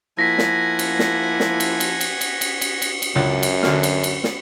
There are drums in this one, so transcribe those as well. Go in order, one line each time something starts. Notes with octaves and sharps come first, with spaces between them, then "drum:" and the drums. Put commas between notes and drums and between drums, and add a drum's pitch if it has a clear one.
F3 A#3 E4 F#5 G#5 A#6 B6
drum: snare
drum: cymbal
drum: snare
drum: snare
drum: cymbal
drum: cymbal
drum: cymbal
drum: cymbal
drum: cymbal
drum: cymbal
drum: cymbal
drum: cymbal
C#2 F#2 D4 D5
drum: cymbal
D2 D3 F6, drum: snare
drum: cymbal
drum: cymbal
drum: snare